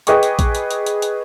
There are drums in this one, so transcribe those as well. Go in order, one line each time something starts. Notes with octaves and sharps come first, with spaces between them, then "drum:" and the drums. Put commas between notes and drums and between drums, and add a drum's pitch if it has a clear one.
G#4 B4 D#5 G5 C#6 D6, drum: hi-hat
drum: hi-hat
drum: kick A#1, hi-hat
drum: hi-hat
drum: hi-hat
drum: hi-hat
drum: hi-hat